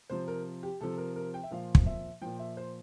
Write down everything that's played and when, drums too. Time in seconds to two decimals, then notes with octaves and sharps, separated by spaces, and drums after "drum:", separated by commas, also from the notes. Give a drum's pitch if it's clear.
0.10 C3 F3 C5
0.28 A#4
0.63 G4
0.81 C3 F3 A4
0.98 A#4
1.16 A#4
1.34 G5
1.43 E5
1.51 A#2 F3 F5
1.75 drum: kick
1.86 E5
2.21 A#2 F3 G5
2.39 E5
2.57 C5